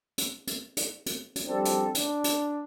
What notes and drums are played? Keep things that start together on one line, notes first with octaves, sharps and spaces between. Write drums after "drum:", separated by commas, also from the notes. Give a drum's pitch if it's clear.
drum: hi-hat
drum: hi-hat
drum: hi-hat
drum: hi-hat
drum: hi-hat
F3 G3 C4 D4 A4
drum: hi-hat
D4, drum: hi-hat
drum: hi-hat